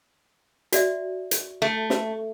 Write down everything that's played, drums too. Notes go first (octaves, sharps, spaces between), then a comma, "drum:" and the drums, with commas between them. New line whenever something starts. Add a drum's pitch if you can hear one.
F#4 D5 E5, drum: hi-hat
drum: hi-hat
A3
drum: snare